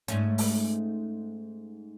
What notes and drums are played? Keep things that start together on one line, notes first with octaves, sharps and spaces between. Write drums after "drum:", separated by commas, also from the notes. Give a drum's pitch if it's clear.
G#2 A3 C#4, drum: hi-hat
drum: open hi-hat